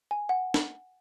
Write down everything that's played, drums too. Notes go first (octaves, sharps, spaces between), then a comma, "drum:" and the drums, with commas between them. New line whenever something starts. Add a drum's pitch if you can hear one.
G#5
F#5
drum: snare